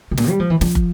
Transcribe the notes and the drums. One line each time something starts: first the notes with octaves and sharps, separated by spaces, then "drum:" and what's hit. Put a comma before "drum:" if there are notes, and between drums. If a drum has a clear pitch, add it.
C3
A#2, drum: snare
G3
F3
E3
F3, drum: snare
drum: kick